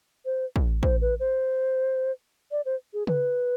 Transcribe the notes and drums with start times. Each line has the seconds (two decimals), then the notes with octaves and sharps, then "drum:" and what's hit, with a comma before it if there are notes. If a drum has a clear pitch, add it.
0.25 C5
0.56 drum: kick
0.83 C5, drum: kick
1.01 B4
1.20 C5
2.51 D5
2.65 C5
2.94 G#4
3.07 B4, drum: tom C#3